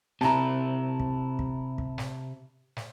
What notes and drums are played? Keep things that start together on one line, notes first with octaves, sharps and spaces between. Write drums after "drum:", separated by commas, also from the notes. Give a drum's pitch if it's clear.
C3 E4 A5 A#5, drum: snare
drum: kick
drum: kick
drum: kick
drum: snare
drum: snare